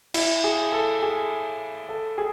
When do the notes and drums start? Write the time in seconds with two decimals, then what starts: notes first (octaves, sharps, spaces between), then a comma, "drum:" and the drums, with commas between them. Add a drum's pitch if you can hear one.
0.14 E4, drum: cymbal
0.44 G#4
0.72 A4
1.02 G#4
1.89 A4
2.18 G#4